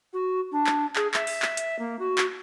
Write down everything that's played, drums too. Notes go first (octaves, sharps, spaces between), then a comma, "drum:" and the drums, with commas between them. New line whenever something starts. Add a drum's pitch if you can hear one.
F#4
D4
drum: clap
G#4, drum: clap
E5, drum: clap
drum: open hi-hat
drum: clap
drum: hi-hat
A#3
F#4
drum: clap